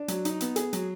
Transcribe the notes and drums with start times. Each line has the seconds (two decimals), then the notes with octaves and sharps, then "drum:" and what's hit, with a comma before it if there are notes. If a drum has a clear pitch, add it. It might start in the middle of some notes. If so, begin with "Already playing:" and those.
Already playing: D4
0.08 F#3, drum: hi-hat
0.25 D#4, drum: hi-hat
0.41 B3, drum: hi-hat
0.56 G#4, drum: hi-hat
0.73 F#3, drum: hi-hat